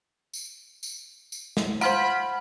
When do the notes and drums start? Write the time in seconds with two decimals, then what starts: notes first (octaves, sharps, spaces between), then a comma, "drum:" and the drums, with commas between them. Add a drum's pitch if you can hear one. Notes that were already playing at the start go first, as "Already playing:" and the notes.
0.33 drum: tambourine
0.83 drum: tambourine
1.32 drum: tambourine
1.57 drum: snare
1.81 F4 C5 F#5 B5 F6, drum: tambourine